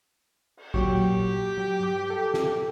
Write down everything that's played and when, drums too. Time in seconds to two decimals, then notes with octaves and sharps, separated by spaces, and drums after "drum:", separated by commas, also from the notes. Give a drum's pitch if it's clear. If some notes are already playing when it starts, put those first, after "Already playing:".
0.57 drum: cymbal
0.74 A#2 F#3 G4 C#6, drum: kick A1
1.57 F#3
1.80 G2 D6
2.10 A4 G5
2.34 drum: snare